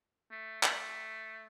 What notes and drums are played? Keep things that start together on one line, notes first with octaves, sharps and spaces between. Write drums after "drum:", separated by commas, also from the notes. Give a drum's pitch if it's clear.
A3
A3, drum: clap